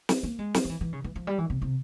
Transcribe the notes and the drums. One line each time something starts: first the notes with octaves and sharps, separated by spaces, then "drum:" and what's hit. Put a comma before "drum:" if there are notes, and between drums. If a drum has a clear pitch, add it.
drum: snare
A#3
G#3
F3, drum: snare
F3
E3
E3
C#3
E3
F3
G3
E3
C3
C3